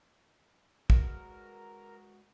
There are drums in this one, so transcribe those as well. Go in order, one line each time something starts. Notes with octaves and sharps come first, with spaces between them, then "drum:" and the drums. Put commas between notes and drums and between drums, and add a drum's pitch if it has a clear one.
G#3 F#4 A#4 B4, drum: kick